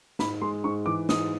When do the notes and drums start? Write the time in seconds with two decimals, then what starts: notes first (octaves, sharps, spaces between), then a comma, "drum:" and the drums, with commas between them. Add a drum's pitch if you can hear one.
0.19 G#2 B5, drum: snare
0.41 G#3 C6
0.64 G#2 C#6
0.86 E3 D6
1.09 G#2 D#6, drum: snare